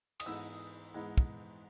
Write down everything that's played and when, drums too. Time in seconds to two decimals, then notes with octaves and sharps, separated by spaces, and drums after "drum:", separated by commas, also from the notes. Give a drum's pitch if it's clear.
0.20 D#6, drum: cymbal
0.26 G#2 E3 G#3 B3 D#4 E6
0.94 G#2 E3 G#3 B3 D#4
1.18 drum: kick